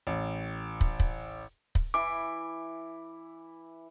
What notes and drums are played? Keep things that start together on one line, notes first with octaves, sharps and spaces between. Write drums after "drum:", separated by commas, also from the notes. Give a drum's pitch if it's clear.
A1
drum: kick
drum: kick
drum: kick
E3 E4 D6